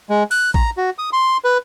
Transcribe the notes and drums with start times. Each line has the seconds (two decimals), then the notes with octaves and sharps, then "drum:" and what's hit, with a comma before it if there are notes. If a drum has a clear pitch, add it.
0.10 G#3
0.31 F#6, drum: open hi-hat
0.54 A#5, drum: kick A1
0.77 F#4
0.98 D#6
1.13 C6
1.45 B4